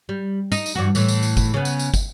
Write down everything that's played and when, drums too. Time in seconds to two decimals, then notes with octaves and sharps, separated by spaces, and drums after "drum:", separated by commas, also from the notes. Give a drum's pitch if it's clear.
0.09 G3
0.52 D#4, drum: tambourine
0.66 drum: tambourine
0.75 G2 E3 F#4
0.95 A2 E3, drum: tambourine
1.08 drum: tambourine
1.23 drum: tambourine
1.37 drum: kick, tambourine
1.54 C#3 B3
1.65 drum: tambourine
1.79 drum: tambourine
1.94 drum: kick, tambourine